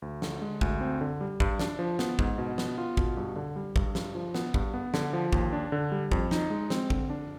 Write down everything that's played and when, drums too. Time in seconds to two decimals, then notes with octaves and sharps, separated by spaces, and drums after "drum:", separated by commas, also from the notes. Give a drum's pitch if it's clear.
0.02 D2
0.22 D3, drum: snare
0.42 G#3
0.61 D2, drum: kick
0.81 C4
1.01 D3
1.21 G3
1.40 G2, drum: kick
1.59 D4, drum: snare
1.79 F3
1.99 B3, drum: snare
2.19 G#2, drum: kick
2.38 B2
2.58 B3, drum: snare
2.78 F4
2.97 B2, drum: kick
3.17 G2
3.36 D3
3.56 G3
3.76 G2, drum: kick
3.95 G2, drum: snare
4.15 F3
4.34 B3, drum: snare
4.54 G2, drum: kick
4.74 B3
4.94 D3, drum: snare
5.13 F3
5.33 D#2, drum: kick
5.53 D4
5.72 D3
5.92 G3
6.12 F2, drum: kick
6.31 D#4, drum: snare
6.50 G#3
6.70 C4, drum: snare
6.90 D3, drum: kick
7.10 D4